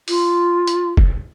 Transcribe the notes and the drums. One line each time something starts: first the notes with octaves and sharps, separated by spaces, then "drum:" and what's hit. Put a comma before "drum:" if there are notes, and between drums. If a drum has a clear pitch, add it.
F4, drum: open hi-hat
drum: hi-hat
drum: kick F1